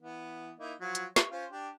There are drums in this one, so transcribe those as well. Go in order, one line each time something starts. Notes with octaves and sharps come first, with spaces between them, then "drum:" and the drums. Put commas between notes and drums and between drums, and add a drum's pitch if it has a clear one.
E3 B3
A#3 D#4 E4
F3 F#3 F4
drum: hi-hat
C#5, drum: snare
C#4 F4 C5
D4 G4